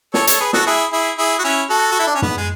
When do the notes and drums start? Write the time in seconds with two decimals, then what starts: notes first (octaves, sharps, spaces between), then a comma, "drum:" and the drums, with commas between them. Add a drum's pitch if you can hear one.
0.14 A4 C#5, drum: snare
0.27 A4 C#5, drum: hi-hat
0.40 G#4 B4
0.53 F#4 A4, drum: snare
0.67 E4 G#4
0.93 E4 G#4
1.18 E4 G#4
1.39 F#4
1.44 C#4 E4
1.70 F#4 A4
1.92 F#4
2.00 E4
2.07 D4
2.15 C#4
2.22 B3, drum: tom
2.37 G#3